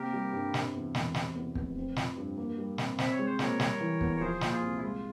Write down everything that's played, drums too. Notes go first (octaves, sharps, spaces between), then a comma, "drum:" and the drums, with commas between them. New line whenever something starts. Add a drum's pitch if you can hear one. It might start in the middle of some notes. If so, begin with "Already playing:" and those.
Already playing: C3 A#3 G4 A#4
G3
G2
C3, drum: snare
E2
E1, drum: snare
C3, drum: snare
E2
F1, drum: kick
C4
F3, drum: snare
G2
A#3
G3
C3, drum: snare
C4 E5, drum: snare
C#5
G#3
C5
A#2 A#4 C#5, drum: snare
G3, drum: snare
E3
E2, drum: kick
C#5
F3 G#4 C5
A#2, drum: snare
F4 G#4
C2
E4
G#3 F4